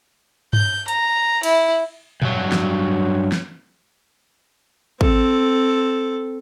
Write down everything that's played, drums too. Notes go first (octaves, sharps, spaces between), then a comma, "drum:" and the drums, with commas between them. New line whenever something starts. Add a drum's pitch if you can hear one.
G6, drum: tom G2
A#5, drum: hi-hat
E4, drum: cymbal
G2 F#3, drum: tom A#2
drum: snare
drum: snare
C4 A4, drum: kick